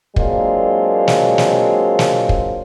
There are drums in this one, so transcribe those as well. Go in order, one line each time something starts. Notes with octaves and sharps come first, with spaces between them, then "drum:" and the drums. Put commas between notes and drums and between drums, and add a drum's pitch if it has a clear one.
F#3 G#3 A#3 C4 D4 F4, drum: kick
drum: snare
drum: snare
drum: snare
drum: kick